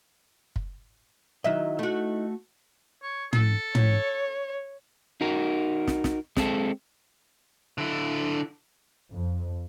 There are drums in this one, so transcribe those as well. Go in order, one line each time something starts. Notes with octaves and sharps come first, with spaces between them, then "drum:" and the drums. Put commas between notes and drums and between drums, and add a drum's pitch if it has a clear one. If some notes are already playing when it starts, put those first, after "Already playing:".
drum: kick
D#3 F#3 D#4 E4 D#5 E5
A3 F#4
C#5
A4, drum: tom
C#5, drum: tom
D#4 F#4 A#4
drum: snare
drum: snare
G#3 C4 A4, drum: snare
D3 E4
F2